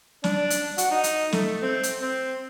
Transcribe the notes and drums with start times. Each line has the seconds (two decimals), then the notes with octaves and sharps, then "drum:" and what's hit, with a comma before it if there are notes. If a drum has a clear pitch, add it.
0.24 D4, drum: snare
0.50 drum: hi-hat
0.78 F#4, drum: hi-hat
0.91 D#4
1.04 drum: hi-hat
1.32 A3, drum: snare
1.62 C4
1.83 drum: hi-hat
2.02 C4